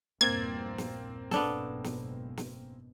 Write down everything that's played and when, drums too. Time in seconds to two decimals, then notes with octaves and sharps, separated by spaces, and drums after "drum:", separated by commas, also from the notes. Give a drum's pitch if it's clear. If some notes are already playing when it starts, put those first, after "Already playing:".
0.21 A#1 E2 G2 A#3 C4 G#6 A6
0.78 drum: snare
1.31 F#1 G#2 B2 B3 D4 A4, drum: snare
1.84 drum: snare
2.37 drum: snare